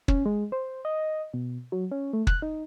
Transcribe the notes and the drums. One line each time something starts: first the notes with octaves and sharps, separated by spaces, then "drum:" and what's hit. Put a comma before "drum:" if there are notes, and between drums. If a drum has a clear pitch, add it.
C#4, drum: kick
G#3
C5
D#5
B2
F#3
C#4
A3
F#6, drum: kick
D#4